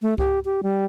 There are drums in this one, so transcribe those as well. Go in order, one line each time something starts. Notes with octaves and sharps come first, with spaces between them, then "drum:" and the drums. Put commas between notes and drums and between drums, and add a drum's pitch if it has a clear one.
A3
G4, drum: kick C#2
G4
G3